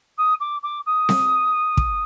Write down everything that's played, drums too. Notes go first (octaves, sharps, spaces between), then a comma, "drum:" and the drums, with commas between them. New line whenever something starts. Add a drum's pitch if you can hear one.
D#6
D6
D6
D#6
drum: snare C4
drum: kick